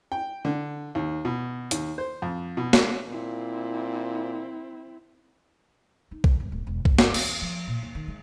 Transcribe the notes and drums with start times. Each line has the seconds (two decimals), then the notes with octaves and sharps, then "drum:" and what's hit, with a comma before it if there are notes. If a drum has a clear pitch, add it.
0.12 G5
0.45 D3
0.95 D#2
1.25 B2
1.71 D#2, drum: hi-hat
1.98 C5
2.22 F2
2.57 B2
2.73 drum: snare
3.08 A#2 C4 E4
6.11 D#4
6.24 E2, drum: kick B1
6.40 G1
6.52 D1
6.67 E1
6.85 G1, drum: kick B1
6.98 drum: snare
7.14 E2, drum: cymbal
7.42 F3
7.67 A#2
7.82 D#2
7.95 D#3
8.08 G#3